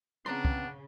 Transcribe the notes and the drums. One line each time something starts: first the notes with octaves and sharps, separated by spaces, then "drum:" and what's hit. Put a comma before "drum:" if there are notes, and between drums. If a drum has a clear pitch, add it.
C#3 E3 B3 C4 D4 A#5 C6
drum: kick